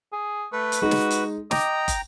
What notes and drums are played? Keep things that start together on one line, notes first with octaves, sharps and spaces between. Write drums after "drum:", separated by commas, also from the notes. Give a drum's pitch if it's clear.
G#4
A3 B4
drum: hi-hat
G#3 D#4 F#4
drum: snare
drum: hi-hat
D#5 G5 A#5 D6, drum: snare
drum: kick, hi-hat